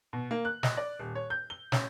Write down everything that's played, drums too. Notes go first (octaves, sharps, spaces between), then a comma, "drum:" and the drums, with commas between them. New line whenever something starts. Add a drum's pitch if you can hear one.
B2
A#3
F#6
D#5, drum: snare
D5
D#1
C#5
G6
G7
C#4, drum: snare